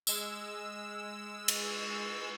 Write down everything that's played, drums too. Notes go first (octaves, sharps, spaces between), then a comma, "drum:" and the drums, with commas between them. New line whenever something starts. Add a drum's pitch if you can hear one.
G#3 E6, drum: tambourine
drum: cymbal